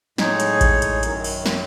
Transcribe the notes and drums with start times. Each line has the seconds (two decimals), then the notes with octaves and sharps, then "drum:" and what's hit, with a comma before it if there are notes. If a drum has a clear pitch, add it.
0.18 A2 G#3 D#4 G#4 C#5, drum: snare
0.40 drum: hi-hat
0.61 drum: kick A1, hi-hat
0.82 drum: hi-hat
1.03 F#2 D#3 F#3, drum: hi-hat
1.24 drum: open hi-hat
1.46 drum: snare